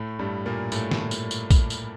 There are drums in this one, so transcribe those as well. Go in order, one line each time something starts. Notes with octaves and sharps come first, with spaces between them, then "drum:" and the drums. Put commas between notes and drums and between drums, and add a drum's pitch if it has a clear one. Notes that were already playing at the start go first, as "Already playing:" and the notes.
Already playing: A2 A3
G2 G3
A#2 A#3
A2 A3, drum: tambourine
drum: snare
drum: tambourine
drum: tambourine
drum: kick, tambourine
drum: tambourine